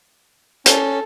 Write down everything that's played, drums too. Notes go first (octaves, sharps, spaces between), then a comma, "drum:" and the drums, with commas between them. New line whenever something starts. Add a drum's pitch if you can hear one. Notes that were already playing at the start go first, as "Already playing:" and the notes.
C#4 A4, drum: hi-hat